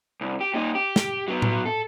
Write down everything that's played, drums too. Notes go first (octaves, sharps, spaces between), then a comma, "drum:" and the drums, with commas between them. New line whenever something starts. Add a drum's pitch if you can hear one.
C2
G4
A#2 D#4
G4
drum: snare
F#3 B3
drum: tom A2
A4